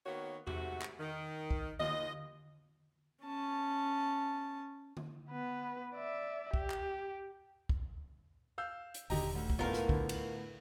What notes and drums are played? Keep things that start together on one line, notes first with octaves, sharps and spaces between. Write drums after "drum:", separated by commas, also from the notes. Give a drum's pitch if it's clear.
D#3 A#3 B3 F#4 C#5
G#2 C3 A3 F#4, drum: tom E2
drum: clap
D#3
drum: kick
D#2 F4 D#5, drum: tom D3
C#4 A5
drum: tom D3
B3 B4
D5 E5
G4, drum: kick
drum: clap
drum: kick
F5 E6 G6
drum: hi-hat
D#1 D#2 D3 G4 D#5 A#5, drum: open hi-hat
D2
drum: kick
A2 A3 B3 F4 A#4 F5
drum: snare
D3, drum: kick
drum: cymbal